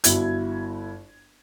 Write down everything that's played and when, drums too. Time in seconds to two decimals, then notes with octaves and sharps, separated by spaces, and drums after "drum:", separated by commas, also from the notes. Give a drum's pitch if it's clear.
0.04 G1 E4 F#4 G#6, drum: hi-hat